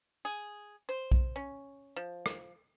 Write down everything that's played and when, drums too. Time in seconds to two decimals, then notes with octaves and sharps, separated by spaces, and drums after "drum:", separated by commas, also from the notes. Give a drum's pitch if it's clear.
0.25 G#4
0.89 C5
1.12 drum: kick B1
1.36 C#4
1.96 F3
2.26 drum: rim click